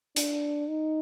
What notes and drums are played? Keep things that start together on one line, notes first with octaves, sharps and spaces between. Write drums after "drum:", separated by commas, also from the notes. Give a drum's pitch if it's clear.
D4, drum: hi-hat
D#4